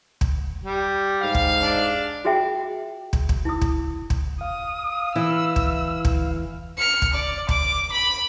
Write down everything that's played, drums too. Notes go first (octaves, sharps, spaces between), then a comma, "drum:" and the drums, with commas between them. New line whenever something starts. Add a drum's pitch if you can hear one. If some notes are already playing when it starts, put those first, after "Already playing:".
drum: kick
G3
G#2 F5
drum: kick
D4
F4 F#4 G#4 E5 G5
drum: kick
drum: kick
E4 D#6
drum: kick
drum: kick
F5 D#6
E3 E4 E6
drum: kick
drum: kick
F6 C#7
drum: kick
D5
D6, drum: kick
B5